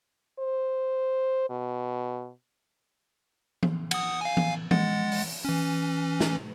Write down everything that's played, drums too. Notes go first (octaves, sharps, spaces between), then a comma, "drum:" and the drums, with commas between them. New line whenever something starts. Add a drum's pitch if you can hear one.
C5
B2
drum: tom E3
F#5 D#6, drum: cymbal
F5 G#5
drum: tom E3
G#3 F#5 A6, drum: tom E3
drum: open hi-hat
E3 C#4
drum: snare